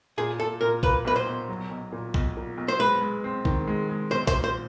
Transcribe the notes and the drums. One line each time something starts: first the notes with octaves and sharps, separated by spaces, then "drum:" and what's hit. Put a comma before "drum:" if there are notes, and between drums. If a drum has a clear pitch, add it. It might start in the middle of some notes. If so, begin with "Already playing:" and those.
A#2 G#4
A#2 A4
A#2 A#4
A#3 B4, drum: kick
B1 B4
C5
B1
F#3
B1
A#2
B1, drum: kick
A#2
B1
C5
G#3 B4
G#3
C4
D#3, drum: kick
G#3
G#3
B1 C5
C5, drum: kick, hi-hat
A#2
C5